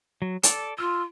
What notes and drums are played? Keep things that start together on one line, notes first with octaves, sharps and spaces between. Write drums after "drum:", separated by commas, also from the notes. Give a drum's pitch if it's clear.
F#3
A4 D5, drum: hi-hat
F4 E6 F6